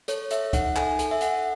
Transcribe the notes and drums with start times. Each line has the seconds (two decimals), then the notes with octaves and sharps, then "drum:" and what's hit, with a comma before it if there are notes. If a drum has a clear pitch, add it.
0.08 A4 C#5, drum: hi-hat
0.31 A4 E5, drum: hi-hat
0.53 D#4 F#5, drum: kick, hi-hat
0.76 A4 G#5, drum: clap
0.99 A4 G#5, drum: hi-hat
1.11 E5
1.21 A4 F#5, drum: hi-hat